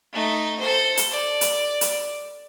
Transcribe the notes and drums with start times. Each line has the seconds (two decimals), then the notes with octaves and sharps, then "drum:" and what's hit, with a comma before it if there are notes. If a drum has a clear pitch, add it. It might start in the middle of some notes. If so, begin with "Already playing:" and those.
0.13 A3 D#4
0.60 A4 C5
0.97 drum: hi-hat
1.11 D5
1.41 drum: hi-hat
1.81 drum: hi-hat